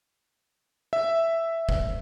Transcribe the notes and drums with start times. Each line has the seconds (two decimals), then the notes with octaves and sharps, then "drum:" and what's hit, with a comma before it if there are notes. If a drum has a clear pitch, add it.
0.93 E5
1.69 drum: kick F#1